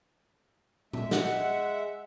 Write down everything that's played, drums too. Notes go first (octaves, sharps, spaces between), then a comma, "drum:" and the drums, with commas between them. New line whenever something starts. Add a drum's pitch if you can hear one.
G#3 E5, drum: tom A#2
F#5, drum: snare